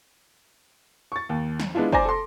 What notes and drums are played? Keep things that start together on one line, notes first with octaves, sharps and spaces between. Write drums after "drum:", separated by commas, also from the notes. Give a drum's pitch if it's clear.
C#6 A6
D#2
drum: snare
G#3 B3 D4 E4 F4
C5 D5 G#5 A#5 D6 A#6, drum: kick
A4 C6